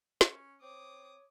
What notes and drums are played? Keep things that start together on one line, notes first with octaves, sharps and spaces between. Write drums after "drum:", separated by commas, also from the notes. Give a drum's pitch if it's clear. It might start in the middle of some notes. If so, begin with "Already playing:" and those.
C#4, drum: snare
C4 C#5 D6 D#6